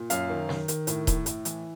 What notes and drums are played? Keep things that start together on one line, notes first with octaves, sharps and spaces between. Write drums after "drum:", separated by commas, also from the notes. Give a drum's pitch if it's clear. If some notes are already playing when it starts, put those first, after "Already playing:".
Already playing: A#2
F#2 F5, drum: hi-hat
D#3
D#3, drum: snare
D#3, drum: hi-hat
A2, drum: hi-hat
A2, drum: kick D#1, hi-hat
A2, drum: hi-hat
E3, drum: hi-hat